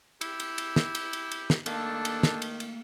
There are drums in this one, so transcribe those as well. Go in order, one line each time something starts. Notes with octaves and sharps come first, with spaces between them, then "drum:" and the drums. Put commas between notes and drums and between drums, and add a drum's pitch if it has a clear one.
E4 G4, drum: cymbal
drum: cymbal
drum: cymbal
drum: snare
drum: cymbal
drum: cymbal
drum: cymbal
drum: snare
D#3 A3 A#3 D4 A4 F5, drum: cymbal
drum: cymbal
drum: snare
drum: cymbal
drum: cymbal